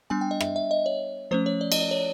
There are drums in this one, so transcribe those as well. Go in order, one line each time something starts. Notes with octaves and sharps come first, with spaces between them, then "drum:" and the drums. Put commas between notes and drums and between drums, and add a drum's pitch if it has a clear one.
G3 B3 D4 G#5
G5
D#5
E5, drum: rim click
E5
D#5
C#5
F3 A3 C#4 C5
C#5
D5
D#5, drum: cymbal
D5
C#5